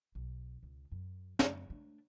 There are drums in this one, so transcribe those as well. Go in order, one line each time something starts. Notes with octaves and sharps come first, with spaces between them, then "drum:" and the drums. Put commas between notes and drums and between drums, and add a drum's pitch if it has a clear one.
B1
C#2
F#2
F#2, drum: snare
A3 D4